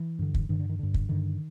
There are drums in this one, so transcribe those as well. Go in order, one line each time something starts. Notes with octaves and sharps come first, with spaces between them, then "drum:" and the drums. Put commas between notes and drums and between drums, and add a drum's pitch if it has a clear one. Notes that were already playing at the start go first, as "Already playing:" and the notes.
Already playing: E3
G2 D3
drum: kick
G2 D3 D#3
D3
D#3
G2 D3
drum: kick
G2 D3 D#3